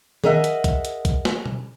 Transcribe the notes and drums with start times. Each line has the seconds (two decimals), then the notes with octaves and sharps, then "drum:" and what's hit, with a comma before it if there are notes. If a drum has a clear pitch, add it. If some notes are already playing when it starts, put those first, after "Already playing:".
0.24 G#4 A#4 D#5 E5 F#5, drum: tom D#3
0.44 drum: hi-hat
0.64 drum: kick B1, hi-hat
0.85 drum: hi-hat
1.05 drum: kick B1, hi-hat
1.25 drum: snare
1.46 drum: tom B2